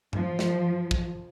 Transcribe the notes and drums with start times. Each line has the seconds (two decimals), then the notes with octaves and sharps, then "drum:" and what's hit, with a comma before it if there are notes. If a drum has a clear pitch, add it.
0.13 F3, drum: tom G2
0.39 drum: snare
0.91 drum: kick